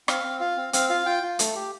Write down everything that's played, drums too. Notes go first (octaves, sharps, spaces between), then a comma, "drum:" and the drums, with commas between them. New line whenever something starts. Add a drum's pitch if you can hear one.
C4 F5, drum: rim click
C4
F4 F5
C4
C4 F5, drum: hi-hat
F4 F5
F4 G5
F4
A3, drum: hi-hat
G4